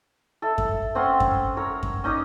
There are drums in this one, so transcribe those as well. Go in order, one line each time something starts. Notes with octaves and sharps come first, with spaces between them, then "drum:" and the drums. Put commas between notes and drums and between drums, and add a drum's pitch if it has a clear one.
A4 E5
drum: kick F#2
C4 C#4 F#5 C6
drum: kick F#2
A#4 C#5
drum: kick F#2
C#4 D#4 D#5 D6